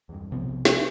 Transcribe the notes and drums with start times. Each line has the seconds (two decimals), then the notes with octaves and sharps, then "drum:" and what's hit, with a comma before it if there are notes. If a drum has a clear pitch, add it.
0.09 E2 G2
0.31 B1 C3 F3 B3
0.65 drum: snare